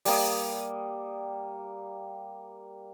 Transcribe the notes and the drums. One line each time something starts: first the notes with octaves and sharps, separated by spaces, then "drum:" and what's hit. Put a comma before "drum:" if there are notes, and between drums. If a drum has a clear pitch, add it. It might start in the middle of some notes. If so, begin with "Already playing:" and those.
G3 A#3 D#6, drum: open hi-hat